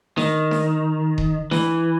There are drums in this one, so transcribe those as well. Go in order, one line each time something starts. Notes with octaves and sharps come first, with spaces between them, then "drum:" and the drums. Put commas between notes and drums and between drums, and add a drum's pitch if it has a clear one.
D#3, drum: snare D4
drum: snare D4
drum: kick D#1
E3, drum: snare D4